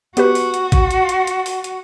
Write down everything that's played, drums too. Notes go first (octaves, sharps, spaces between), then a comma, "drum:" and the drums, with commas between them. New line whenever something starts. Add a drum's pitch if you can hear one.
B3 F#4 G4 B4, drum: hi-hat
drum: open hi-hat
drum: hi-hat
drum: kick G#1, hi-hat
drum: hi-hat
drum: hi-hat
drum: hi-hat
drum: open hi-hat
drum: hi-hat